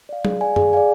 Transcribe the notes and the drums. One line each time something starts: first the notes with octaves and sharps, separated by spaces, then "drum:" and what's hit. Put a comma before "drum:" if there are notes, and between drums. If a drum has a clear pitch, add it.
D5 F5
G#4, drum: tom F#3
D5 F5 G#5
G#4, drum: tom F#2
D5 F5 G#5